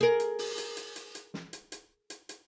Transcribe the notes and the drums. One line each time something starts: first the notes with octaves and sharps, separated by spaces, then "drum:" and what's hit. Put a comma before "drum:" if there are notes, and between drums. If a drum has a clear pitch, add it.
G#4 A#4
drum: hi-hat
drum: open hi-hat
drum: hi-hat
drum: hi-hat
drum: hi-hat
drum: hi-hat
drum: snare
drum: hi-hat
drum: hi-hat
drum: hi-hat
drum: hi-hat